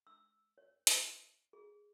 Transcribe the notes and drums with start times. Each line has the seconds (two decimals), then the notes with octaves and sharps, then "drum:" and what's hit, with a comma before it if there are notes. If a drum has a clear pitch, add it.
0.07 E6
0.58 C#5
0.87 drum: hi-hat
1.53 G#4